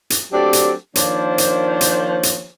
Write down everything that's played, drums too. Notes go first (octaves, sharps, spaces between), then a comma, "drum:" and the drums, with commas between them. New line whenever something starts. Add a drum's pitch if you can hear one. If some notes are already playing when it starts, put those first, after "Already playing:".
drum: hi-hat
F#3 A3 C4 D4 G4
drum: hi-hat
D#3 F3 A#3 D4 C5 C#5, drum: hi-hat
drum: hi-hat
drum: hi-hat
drum: hi-hat